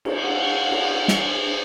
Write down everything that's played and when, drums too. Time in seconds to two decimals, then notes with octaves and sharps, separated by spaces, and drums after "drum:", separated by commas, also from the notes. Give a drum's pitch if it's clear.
0.05 drum: cymbal
0.22 F5 F#5
0.71 drum: cymbal
1.08 drum: snare